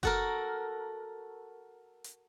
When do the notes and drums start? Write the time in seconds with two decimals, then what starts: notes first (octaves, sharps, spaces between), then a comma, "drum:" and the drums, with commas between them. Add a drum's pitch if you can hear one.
0.03 F#4 A4 A#4, drum: kick F#1
2.04 drum: hi-hat